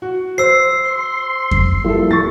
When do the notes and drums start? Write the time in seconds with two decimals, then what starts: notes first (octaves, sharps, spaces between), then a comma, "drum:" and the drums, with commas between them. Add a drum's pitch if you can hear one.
0.02 F#4
0.38 C5 E6 C7
0.84 C6
1.51 drum: kick F2
1.84 F3 G3 A#3 E4 A4
2.11 C#6 A6